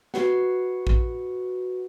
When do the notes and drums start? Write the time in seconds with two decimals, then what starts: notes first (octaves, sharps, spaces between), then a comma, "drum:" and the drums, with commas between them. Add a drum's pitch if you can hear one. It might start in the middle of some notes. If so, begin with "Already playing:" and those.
0.14 F#4 B4 F#5, drum: snare
0.87 drum: kick